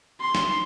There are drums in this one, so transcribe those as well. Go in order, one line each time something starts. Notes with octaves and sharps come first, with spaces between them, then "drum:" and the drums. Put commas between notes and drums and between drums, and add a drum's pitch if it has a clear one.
C6
drum: snare